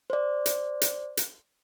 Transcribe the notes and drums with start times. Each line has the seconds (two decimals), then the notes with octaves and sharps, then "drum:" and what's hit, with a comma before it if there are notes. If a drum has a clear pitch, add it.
0.10 C5 D5
0.46 drum: hi-hat
0.81 drum: hi-hat
1.17 drum: hi-hat